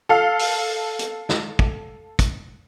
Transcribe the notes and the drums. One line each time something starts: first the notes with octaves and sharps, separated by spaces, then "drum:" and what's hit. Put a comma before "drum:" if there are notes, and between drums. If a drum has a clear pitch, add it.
A4 F5
drum: open hi-hat
drum: hi-hat
drum: snare
drum: kick
drum: kick, hi-hat